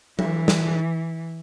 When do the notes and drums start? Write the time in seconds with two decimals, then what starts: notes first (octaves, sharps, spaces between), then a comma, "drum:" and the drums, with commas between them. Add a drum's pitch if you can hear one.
0.19 E3, drum: tom F#3
0.48 drum: snare